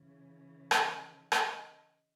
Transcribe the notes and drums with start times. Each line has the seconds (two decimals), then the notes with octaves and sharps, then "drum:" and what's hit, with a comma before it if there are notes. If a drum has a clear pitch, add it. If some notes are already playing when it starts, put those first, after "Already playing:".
Already playing: C#3 E3
0.71 D#5, drum: rim click
1.32 D#5, drum: rim click